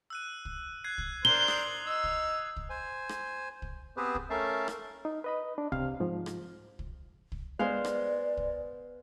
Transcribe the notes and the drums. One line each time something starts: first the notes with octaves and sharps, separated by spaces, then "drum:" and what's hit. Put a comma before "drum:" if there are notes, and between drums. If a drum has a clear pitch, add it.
E6 F#6 D#7
drum: kick
F#6 G#6 C7
drum: kick
D4 A#4 C5 G7
D#6 C7 F#7, drum: rim click
D#4 E6
drum: kick
drum: kick
C5 G#5
drum: rim click
drum: kick
B3 C4 G4 G#4 B4 C5
drum: kick
A3 C#4 A#4 E5 F5 A5
drum: rim click
D#4
B4 D#5 B5
D4
C3 F5 F6, drum: kick
G#2 F3
drum: rim click
drum: kick
drum: kick
G#3 B3 C5 D5 F5
drum: rim click
drum: kick